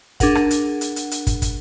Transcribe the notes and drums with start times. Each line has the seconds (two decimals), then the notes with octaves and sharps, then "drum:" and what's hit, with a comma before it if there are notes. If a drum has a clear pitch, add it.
0.20 D4 G#4 A#4 F#5, drum: kick, hi-hat
0.35 drum: rim click
0.51 drum: hi-hat
0.81 drum: hi-hat
0.96 drum: hi-hat
1.11 drum: hi-hat
1.27 drum: kick, hi-hat
1.42 drum: kick, hi-hat